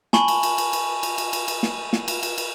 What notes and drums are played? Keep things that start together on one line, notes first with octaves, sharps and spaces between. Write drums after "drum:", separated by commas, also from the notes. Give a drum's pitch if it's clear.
G#5 A5 B5 C#6 F#7, drum: snare
drum: cymbal
drum: cymbal
drum: cymbal
drum: cymbal
drum: cymbal
drum: cymbal
drum: cymbal
drum: cymbal
drum: snare
drum: snare
drum: cymbal
drum: cymbal
drum: cymbal